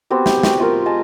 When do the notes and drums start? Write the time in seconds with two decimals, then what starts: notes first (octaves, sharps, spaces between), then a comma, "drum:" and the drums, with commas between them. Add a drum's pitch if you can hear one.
0.10 B3 C4 F#4 G4
0.26 G4, drum: snare
0.43 F#4 G5, drum: snare
0.60 F4 G4 A#4
0.86 G#4 D#5 A5 A#5